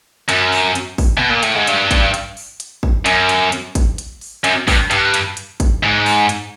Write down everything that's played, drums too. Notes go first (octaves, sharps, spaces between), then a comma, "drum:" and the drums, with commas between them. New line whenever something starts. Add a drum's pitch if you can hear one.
F#2, drum: hi-hat
drum: open hi-hat
drum: hi-hat
drum: kick, open hi-hat
B2
A#2
A2, drum: hi-hat
G#2
G2, drum: hi-hat
drum: kick, hi-hat
drum: hi-hat
drum: open hi-hat
drum: hi-hat
drum: kick
F#2, drum: hi-hat
drum: hi-hat
drum: hi-hat
drum: kick, hi-hat
drum: hi-hat
drum: open hi-hat
F#2, drum: hi-hat
G2, drum: kick, open hi-hat
G2, drum: hi-hat
drum: hi-hat
drum: hi-hat
drum: kick, hi-hat
G#2
drum: open hi-hat
drum: hi-hat